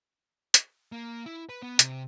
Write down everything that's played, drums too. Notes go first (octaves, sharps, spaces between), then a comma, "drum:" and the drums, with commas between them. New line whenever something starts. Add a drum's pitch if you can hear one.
drum: hi-hat
A#3
E4
B4
B3
C3, drum: hi-hat